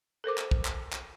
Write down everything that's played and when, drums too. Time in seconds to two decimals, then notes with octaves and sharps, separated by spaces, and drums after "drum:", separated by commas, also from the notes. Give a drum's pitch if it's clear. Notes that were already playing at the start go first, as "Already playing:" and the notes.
0.24 A4 A#4 C5 D6
0.38 drum: clap
0.51 drum: kick
0.65 drum: clap
0.93 drum: clap